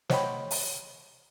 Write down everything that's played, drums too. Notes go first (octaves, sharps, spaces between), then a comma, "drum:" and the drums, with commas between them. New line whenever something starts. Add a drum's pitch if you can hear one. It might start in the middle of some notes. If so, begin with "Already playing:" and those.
C5 C#5 D#5 F#5 G5 B5, drum: snare
drum: open hi-hat